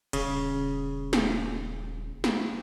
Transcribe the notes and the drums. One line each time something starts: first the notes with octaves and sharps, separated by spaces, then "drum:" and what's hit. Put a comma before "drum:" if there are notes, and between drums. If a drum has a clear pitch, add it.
D#1 C#3, drum: cymbal
drum: snare
drum: snare